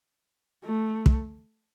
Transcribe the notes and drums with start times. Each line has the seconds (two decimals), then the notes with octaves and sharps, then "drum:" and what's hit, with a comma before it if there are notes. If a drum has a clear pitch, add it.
0.65 A3
1.06 drum: kick